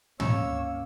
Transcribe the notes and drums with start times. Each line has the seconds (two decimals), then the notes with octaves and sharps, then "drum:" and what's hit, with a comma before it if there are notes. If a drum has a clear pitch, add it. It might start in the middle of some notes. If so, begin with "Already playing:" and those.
0.20 C3 A#3 C#4 C#5 E6, drum: tom